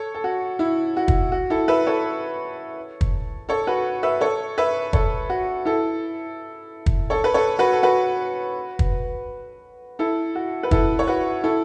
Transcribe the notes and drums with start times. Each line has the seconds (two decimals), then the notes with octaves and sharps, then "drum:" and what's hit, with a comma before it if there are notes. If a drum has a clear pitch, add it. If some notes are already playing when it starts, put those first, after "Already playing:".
Already playing: A4 C#5
0.14 A4
0.24 F#4
0.59 E4
0.97 F#4
1.08 drum: kick
1.32 F#4
1.50 E4 A4
1.68 B4 E5
1.87 A4 C#5
3.01 drum: kick
3.49 A4 C#5
3.67 F#4 B4
4.03 B4 E5
4.21 A4 C#5
4.58 B4 E5
4.93 A4 C#5, drum: kick
5.30 F#4
5.65 E4 A4
6.86 drum: kick
7.10 A4 C#5
7.24 B4
7.34 A4 C#5
7.59 F#4 B4
7.72 A4
7.83 F#4 B4
8.79 drum: kick
9.99 E4 A4
10.35 F#4
10.63 B4
10.71 E4 A4, drum: kick
10.99 C#5
11.07 F#4 B4
11.44 E4 A4